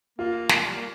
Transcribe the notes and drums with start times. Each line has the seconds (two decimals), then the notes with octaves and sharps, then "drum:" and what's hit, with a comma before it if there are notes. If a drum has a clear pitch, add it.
0.19 A#3 F4
0.49 drum: snare
0.64 G3
0.75 A#3